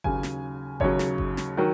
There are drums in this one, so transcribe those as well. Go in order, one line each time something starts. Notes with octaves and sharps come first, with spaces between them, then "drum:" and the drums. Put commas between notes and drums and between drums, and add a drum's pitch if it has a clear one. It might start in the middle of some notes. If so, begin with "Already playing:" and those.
D#2 C#3 F#3 G#5, drum: kick G1
drum: snare
D#2 C#3 F#3 C#5, drum: kick G1
drum: snare
drum: kick G1
drum: snare
D#3 F#3